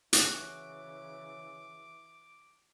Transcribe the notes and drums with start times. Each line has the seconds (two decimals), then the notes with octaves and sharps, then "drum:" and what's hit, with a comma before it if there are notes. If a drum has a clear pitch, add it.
0.13 C#3 E3 F#4 D6, drum: hi-hat